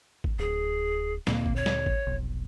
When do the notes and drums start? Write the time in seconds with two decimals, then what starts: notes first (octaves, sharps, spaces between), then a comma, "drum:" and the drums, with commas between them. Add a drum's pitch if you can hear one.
0.24 drum: kick G#1
0.39 D1 G#4
1.27 D2 A#2 A#3 C4, drum: snare
1.46 drum: kick G#1
1.56 C#5
1.66 drum: snare
1.86 drum: kick G#1
2.07 F1 B1